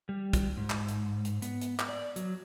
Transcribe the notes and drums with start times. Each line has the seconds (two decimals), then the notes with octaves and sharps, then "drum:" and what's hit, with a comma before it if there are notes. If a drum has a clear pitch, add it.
0.09 G3
0.33 drum: kick, hi-hat
0.57 G#2
0.70 drum: clap
0.88 drum: hi-hat
1.25 drum: hi-hat
1.42 B3, drum: hi-hat
1.61 drum: hi-hat
1.79 drum: clap
1.89 D5
2.16 F#3, drum: hi-hat